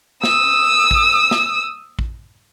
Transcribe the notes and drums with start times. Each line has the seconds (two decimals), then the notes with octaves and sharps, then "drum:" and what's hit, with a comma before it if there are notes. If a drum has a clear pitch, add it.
0.24 D#6 E6, drum: snare
0.91 drum: kick A1
1.31 drum: snare
1.99 drum: kick A1